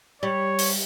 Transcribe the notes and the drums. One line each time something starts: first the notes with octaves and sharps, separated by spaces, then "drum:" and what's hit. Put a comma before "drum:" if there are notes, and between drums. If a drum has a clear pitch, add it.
G3 C#5
drum: open hi-hat